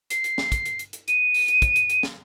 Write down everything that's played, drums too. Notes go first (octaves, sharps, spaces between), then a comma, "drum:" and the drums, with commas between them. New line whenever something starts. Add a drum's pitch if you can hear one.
C7, drum: hi-hat
drum: hi-hat
drum: snare
drum: kick, hi-hat
drum: hi-hat
drum: hi-hat
drum: hi-hat
D#7, drum: hi-hat
drum: open hi-hat
drum: hi-hat
drum: kick, hi-hat
drum: hi-hat
drum: hi-hat
drum: snare